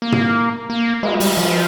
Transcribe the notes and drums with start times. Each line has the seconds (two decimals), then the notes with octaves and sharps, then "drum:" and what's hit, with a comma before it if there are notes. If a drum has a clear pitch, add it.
0.02 A#3
0.12 drum: tom
0.70 A#3
1.03 G#3, drum: cymbal
1.20 G3, drum: open hi-hat
1.37 F3